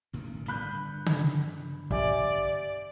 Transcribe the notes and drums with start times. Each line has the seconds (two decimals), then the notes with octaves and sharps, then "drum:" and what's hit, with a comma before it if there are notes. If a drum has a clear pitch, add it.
0.13 A1 A2 D#3
0.48 G2 D3 B3 B5 F#6 G6
1.06 drum: tom C#3
1.91 G4 D5 E5 G#5, drum: kick